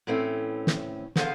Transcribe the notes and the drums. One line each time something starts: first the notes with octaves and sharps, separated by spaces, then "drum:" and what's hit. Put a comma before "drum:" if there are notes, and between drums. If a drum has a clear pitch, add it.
A2 E3 A3 C4 C#4
drum: snare
D3 B3 G#4 C5 F5, drum: snare